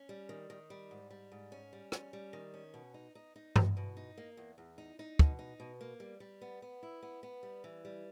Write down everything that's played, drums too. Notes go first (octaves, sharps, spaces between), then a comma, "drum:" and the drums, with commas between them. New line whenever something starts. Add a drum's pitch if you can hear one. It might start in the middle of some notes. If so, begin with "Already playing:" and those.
Already playing: C#4
G3
D#3
D#3
G3
G#2
G3
G#2
C#4
G3
C#4, drum: rim click
G3
D#3
C#4
B2
D#4
D#4
D#4
E2, drum: tom G2
B2
D#4
A#3
E2
E2
D#4
D#4
B2, drum: kick
D#4
B2
A#3
G3
G3
B3
B3
E4
B3
B3
G3
E3
G3